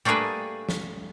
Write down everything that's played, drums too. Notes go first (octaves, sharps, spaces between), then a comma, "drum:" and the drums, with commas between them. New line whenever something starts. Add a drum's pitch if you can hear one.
G3 A3 A#3 D4 G#4 B4
drum: snare